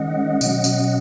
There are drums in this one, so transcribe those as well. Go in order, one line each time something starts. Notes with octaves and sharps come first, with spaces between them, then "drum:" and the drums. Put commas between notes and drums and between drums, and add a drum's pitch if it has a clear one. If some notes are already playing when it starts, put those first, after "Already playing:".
Already playing: D#3 G#3 C#4 D#5 F#5
B2 F#3 C#4, drum: tambourine
drum: tambourine